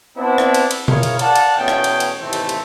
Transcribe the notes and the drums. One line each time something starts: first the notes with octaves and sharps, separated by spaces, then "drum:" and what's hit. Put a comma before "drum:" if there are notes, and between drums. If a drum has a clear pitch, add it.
B3 C4 D4 E4
drum: rim click
drum: cymbal
drum: cymbal
E4 F4 G#4 A#4 C#5, drum: tom B2
drum: cymbal
D5 F5 F#5 A5, drum: cymbal
drum: cymbal
E2 B2 A3 C#4 G#4 G5
drum: rim click
drum: cymbal
drum: cymbal
D#2 A2 C3 E3 A3 C4
drum: cymbal
drum: cymbal